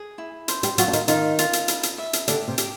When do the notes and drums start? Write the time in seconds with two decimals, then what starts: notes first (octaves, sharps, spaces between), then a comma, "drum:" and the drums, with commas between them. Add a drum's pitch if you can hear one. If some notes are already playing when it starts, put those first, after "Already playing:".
Already playing: G#4
0.18 E4
0.48 C5, drum: hi-hat
0.63 G3 G4, drum: hi-hat
0.78 F#3 F4 F#4, drum: hi-hat
0.88 D4
0.93 D#3 D#4, drum: hi-hat
1.08 D#3 D#4 F4, drum: hi-hat
1.39 F4, drum: hi-hat
1.53 drum: hi-hat
1.68 B4, drum: hi-hat
1.83 drum: hi-hat
1.98 E5
2.13 drum: hi-hat
2.28 D3 D4 G4, drum: hi-hat
2.48 C3 C4
2.58 G4, drum: hi-hat